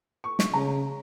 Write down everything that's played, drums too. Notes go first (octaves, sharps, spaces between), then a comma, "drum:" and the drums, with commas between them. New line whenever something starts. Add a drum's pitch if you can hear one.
C#6
C#6, drum: snare
C#3 A#5